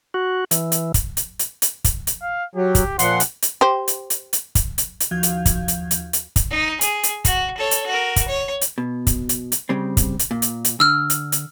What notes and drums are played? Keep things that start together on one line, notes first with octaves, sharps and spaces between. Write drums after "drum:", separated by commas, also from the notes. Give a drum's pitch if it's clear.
F#4
E3, drum: hi-hat
drum: hi-hat
drum: kick, hi-hat
drum: hi-hat
drum: hi-hat
drum: hi-hat
drum: kick, hi-hat
drum: hi-hat
F5
F#3 G4
drum: kick, hi-hat
A#2 F3 F#5 C6, drum: hi-hat
drum: hi-hat
drum: hi-hat
G4 C5
drum: hi-hat
drum: hi-hat
drum: hi-hat
drum: kick, hi-hat
drum: hi-hat
drum: hi-hat
D#2 F3 F#4 F5 G6 G#6
drum: hi-hat
drum: kick, hi-hat
drum: hi-hat
drum: hi-hat
drum: hi-hat
drum: kick, hi-hat
D#4
G#4, drum: hi-hat
drum: hi-hat
F#4, drum: kick, hi-hat
A4 C#5
drum: hi-hat
F#4 A#4
drum: kick, hi-hat
C#5
drum: hi-hat
B2
drum: kick, hi-hat
drum: hi-hat
drum: hi-hat
C#3 G3 C4
drum: kick, hi-hat
drum: hi-hat
A#2
drum: hi-hat
drum: hi-hat
D3 E6 F6
drum: hi-hat
drum: hi-hat